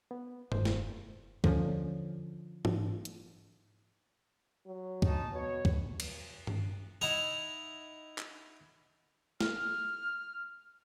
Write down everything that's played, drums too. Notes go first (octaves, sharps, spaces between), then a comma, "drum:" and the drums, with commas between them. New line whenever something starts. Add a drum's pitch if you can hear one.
B3
F1 C5, drum: tom G2
drum: snare
D3 F3 G3 C#4, drum: kick C#2
drum: tom G#2
drum: hi-hat
F#3
C#4 D#4 A5, drum: kick C#2
B2 C#5
drum: kick C#2
drum: cymbal
drum: tom G2
D#4 E4 F#5 A#5
drum: clap
F6, drum: snare